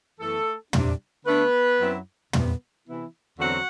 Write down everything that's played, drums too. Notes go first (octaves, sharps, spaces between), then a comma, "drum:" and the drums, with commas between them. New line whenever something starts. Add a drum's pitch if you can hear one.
F#2 E3 A3 B3 A4
C3 G3 D4, drum: tom
D3 A3 B3 D4 B4
F#2 F#3 C4 E4
D2 C3 G3 B3, drum: tom
C3 E3 B3 E4
E2 D3 F#3 C4 F#4 F#5